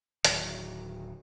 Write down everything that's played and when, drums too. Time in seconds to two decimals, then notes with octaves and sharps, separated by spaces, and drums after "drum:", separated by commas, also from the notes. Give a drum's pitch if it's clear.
0.25 D1 D#3 F#3, drum: hi-hat